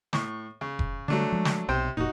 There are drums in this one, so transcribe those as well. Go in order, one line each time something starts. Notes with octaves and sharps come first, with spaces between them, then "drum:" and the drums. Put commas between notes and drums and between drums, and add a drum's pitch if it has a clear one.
A2 C#6, drum: snare
C#3
drum: kick F1
D3 F#3 G3 A3 D4
F3 G#3
drum: snare
B1 C3 C5 G5
F1 A#2 D#4 F#4